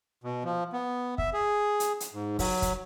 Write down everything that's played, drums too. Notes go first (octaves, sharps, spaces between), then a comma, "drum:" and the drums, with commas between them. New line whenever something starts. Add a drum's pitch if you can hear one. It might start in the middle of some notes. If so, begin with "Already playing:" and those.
B2
F3
B3
E5, drum: kick
G#4
drum: hi-hat
drum: hi-hat
G#2
F#3, drum: kick, open hi-hat
drum: kick, hi-hat